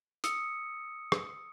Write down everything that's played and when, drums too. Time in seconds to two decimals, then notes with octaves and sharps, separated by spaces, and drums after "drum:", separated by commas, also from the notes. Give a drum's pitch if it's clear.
0.24 D#6 E6 C#7, drum: hi-hat
1.12 drum: rim click